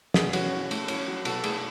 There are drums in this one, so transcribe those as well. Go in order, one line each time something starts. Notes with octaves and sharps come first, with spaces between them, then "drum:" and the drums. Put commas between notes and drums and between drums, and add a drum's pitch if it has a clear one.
B2 G#4, drum: snare
C#4 F#4, drum: cymbal
C#4
A3, drum: cymbal
C#4, drum: cymbal
F#3
B2 A4, drum: cymbal
A3 G#4, drum: cymbal